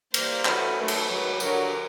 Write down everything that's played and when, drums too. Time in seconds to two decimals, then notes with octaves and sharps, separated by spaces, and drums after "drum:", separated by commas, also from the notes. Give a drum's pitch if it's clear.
0.14 E3 G3 A#3 C5, drum: cymbal
0.45 E3 A3 C#4 F#4 B4, drum: clap
0.77 D#3 F#3 A3 B4
0.88 drum: cymbal
1.08 G#2 D#3 F#3
1.40 G2 D3 F#3 A#4, drum: tambourine